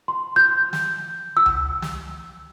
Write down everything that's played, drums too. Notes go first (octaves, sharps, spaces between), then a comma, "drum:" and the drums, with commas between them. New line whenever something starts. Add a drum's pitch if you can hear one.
C6
G6
drum: snare
E6
drum: tom C#2
drum: snare